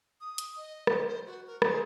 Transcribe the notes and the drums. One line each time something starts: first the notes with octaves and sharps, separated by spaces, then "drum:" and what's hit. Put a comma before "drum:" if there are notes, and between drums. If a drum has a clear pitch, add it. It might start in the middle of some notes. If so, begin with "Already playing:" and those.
D#6
drum: hi-hat
D#5
D#5, drum: rim click
C5
F#4
A#4
G#4, drum: rim click